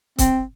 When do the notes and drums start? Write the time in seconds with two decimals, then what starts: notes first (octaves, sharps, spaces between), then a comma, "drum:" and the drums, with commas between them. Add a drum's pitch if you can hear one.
0.18 C4, drum: kick C#1, hi-hat